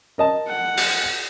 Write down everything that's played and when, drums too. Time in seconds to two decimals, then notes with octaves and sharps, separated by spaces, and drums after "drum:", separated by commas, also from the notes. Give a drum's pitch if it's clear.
0.18 A#4 D#5 A5
0.48 F#5
0.77 drum: open hi-hat